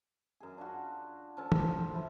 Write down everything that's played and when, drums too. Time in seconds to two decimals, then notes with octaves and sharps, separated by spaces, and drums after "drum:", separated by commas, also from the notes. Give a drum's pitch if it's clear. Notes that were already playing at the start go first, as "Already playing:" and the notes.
0.40 F#2 G#4
0.58 D4 F4 F#4
1.37 F3 C#4 A4
1.52 C5, drum: tom
1.95 F3 E4